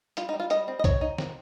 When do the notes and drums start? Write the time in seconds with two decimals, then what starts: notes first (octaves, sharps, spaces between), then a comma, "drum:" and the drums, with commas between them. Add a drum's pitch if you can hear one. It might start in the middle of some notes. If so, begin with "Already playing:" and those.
0.17 G3 F4, drum: hi-hat
0.29 D#4
0.34 G3
0.40 F4
0.50 G3 D#5, drum: hi-hat
0.68 C4
0.79 D#5
0.84 C4 C#5, drum: kick, hi-hat
1.01 D#4
1.18 C4, drum: snare